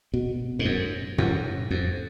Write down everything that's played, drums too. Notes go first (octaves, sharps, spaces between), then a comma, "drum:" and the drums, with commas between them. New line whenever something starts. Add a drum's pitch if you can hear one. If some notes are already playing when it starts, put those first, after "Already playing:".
B2
G#2
F#2
F#2, drum: tom A2
F2